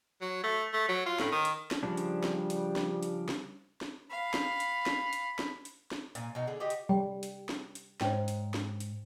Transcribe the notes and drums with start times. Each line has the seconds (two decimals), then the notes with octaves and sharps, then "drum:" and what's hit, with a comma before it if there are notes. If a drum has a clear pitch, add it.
0.21 F#3
0.43 A3
0.73 A3
0.88 F#3
1.06 F4
1.20 A2, drum: snare
1.32 D#3
1.45 drum: hi-hat
1.71 drum: snare
1.83 C#3 F3 G3 D4
1.97 drum: hi-hat
2.24 drum: snare
2.50 drum: hi-hat
2.76 drum: snare
3.03 drum: hi-hat
3.29 drum: snare
3.81 drum: snare
4.10 F5 B5
4.34 drum: snare
4.60 drum: hi-hat
4.86 drum: snare
5.13 drum: hi-hat
5.39 drum: snare
5.65 drum: hi-hat
5.91 drum: snare
6.15 A#2 G#5, drum: hi-hat
6.35 B2 D#4
6.47 D3 G#4
6.60 D#4 F#4 G4 C5
6.70 drum: hi-hat
6.89 G3 G5
7.23 drum: hi-hat
7.49 drum: snare
7.75 drum: hi-hat
8.01 G#2 C5 C#5 G5, drum: snare
8.28 drum: hi-hat
8.54 drum: snare
8.80 drum: hi-hat